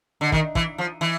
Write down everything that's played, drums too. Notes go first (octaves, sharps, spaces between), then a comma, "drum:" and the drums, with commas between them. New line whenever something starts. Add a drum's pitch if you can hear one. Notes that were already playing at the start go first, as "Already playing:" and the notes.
D3
D#3, drum: kick
E3, drum: kick
F3
E3